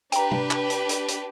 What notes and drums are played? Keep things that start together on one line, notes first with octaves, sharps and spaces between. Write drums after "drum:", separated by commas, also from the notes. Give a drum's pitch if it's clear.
D4 G4 B4 G5 A#5, drum: hi-hat
drum: tom
drum: clap
drum: hi-hat
drum: hi-hat
drum: hi-hat